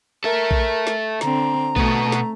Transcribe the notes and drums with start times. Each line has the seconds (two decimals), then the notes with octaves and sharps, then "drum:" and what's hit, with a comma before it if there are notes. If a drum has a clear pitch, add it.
0.24 A4 A#4 E5
0.51 drum: kick A#1
0.87 drum: snare
1.21 D3 C4 A#5, drum: snare
1.76 B2 A3 B3, drum: kick A#1
2.12 drum: snare